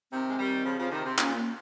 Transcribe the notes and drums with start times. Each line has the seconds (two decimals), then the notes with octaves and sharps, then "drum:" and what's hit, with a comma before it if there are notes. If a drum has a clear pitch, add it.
0.12 C3 D#3 C4
0.28 G#3
0.39 D#3 G3
0.65 C#3 F3
0.79 C#3 F3
0.91 C3 D#3
1.05 C3
1.18 A#2 C#4, drum: clap
1.36 A#3